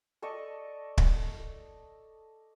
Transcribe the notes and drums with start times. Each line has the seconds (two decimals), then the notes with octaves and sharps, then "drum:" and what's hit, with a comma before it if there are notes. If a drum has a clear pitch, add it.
0.22 A4 D5 D#5 C#6
0.98 drum: kick